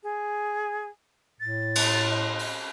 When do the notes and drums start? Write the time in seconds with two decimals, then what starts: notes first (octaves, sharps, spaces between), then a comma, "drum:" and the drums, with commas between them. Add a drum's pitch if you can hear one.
0.03 G#4
1.40 A2 A6
1.75 drum: cymbal
2.10 D#5
2.39 drum: open hi-hat